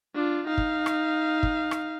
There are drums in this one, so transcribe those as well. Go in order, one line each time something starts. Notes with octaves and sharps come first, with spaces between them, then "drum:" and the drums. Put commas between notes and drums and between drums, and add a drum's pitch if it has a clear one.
D4 F4
D#4 F5
drum: kick
drum: rim click
drum: kick
drum: rim click